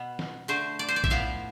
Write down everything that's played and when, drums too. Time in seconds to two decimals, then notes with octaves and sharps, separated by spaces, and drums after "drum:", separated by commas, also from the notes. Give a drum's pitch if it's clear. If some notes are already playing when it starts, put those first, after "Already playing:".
Already playing: B2 B3
0.19 drum: snare
0.48 D3 A3 C5
0.79 D5
0.88 C5
0.96 D5
1.04 E5, drum: kick A#1
1.10 A2 F3 B3 F5